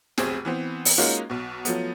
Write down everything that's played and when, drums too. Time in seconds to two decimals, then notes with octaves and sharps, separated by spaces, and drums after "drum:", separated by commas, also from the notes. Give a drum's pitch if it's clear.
0.18 F1 B1 C4 G#4, drum: snare
0.45 E3 B3 C4
0.85 drum: open hi-hat
0.98 G#3 A#3 C#4 D#4 F4 F#4
1.30 B1 B2
1.65 F3 F#3 A3 B3, drum: hi-hat